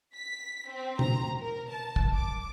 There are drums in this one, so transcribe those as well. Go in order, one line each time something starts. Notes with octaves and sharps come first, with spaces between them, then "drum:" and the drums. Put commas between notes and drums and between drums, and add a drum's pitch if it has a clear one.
B6
C4
A#5, drum: tom B2
A#4
A5
drum: kick
D6